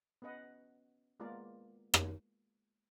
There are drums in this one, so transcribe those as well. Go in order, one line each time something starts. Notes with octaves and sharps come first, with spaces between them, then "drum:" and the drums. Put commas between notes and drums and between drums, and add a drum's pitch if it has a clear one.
B3 C#4 B4 D#5 F#5
G#3 A#3 B3 F4 A#4 D5
drum: rim click